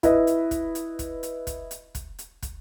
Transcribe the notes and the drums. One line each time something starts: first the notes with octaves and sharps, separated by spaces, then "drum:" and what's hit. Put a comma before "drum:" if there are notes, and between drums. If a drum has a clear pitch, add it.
E4 B4 D#5, drum: kick, hi-hat
drum: hi-hat
drum: kick, hi-hat
drum: hi-hat
drum: kick, hi-hat
drum: hi-hat
drum: kick, hi-hat
drum: hi-hat
drum: kick, hi-hat
drum: hi-hat
drum: kick, hi-hat